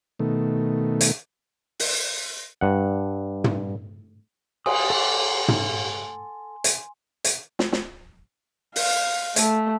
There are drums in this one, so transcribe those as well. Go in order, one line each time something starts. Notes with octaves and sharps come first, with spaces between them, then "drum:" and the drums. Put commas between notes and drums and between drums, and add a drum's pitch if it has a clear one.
B2 D#3 A3
drum: hi-hat
drum: open hi-hat
G2 F#5
drum: tom
G#5 C6 D#6, drum: cymbal
A4 F#5 D6
drum: tom
drum: hi-hat
drum: hi-hat
drum: snare
drum: snare
F5, drum: open hi-hat
A3, drum: hi-hat